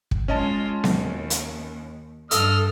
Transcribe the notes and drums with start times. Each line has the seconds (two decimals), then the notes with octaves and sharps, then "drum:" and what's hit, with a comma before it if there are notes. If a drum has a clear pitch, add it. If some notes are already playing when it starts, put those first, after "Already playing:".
0.11 drum: kick
0.28 G#3 C#4 F4 D#5 A5
0.84 D#2, drum: snare B3
1.30 drum: hi-hat
2.31 G2 A4 D#5 E6 F6, drum: hi-hat